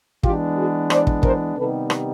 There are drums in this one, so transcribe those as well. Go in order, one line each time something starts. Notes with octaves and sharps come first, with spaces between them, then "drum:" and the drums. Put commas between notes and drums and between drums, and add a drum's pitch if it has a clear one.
E3 G#3 B3 D4 F4 G4, drum: kick
F#4 G#4
C5 D5, drum: rim click
drum: kick
A#4 C5, drum: kick
C3 D#3 G3 B3 D#4 A4 B4
drum: rim click